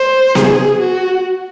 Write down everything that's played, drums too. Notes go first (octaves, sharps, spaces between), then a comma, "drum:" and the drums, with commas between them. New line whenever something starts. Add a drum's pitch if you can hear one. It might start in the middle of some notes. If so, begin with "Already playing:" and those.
Already playing: C5
G#4, drum: snare B3
F#4